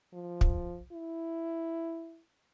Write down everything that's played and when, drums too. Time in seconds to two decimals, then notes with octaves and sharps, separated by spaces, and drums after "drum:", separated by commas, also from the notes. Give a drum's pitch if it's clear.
0.13 F3
0.41 drum: kick
0.92 E4